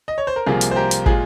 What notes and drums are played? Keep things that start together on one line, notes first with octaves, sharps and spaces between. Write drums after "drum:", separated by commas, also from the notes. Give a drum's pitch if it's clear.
D#5
C#5
C5
A#4
C2 C3 F3 A#3 F4 G#4
drum: hi-hat
C5
G4 A#4
drum: hi-hat
A#2 G#3 F4 G#4, drum: kick